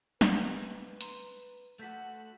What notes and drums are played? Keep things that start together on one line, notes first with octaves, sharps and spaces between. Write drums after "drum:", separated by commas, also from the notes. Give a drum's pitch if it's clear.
B4 F#5 G6, drum: snare
A#5 C6 D#7, drum: hi-hat
A3 F#4 G6 B6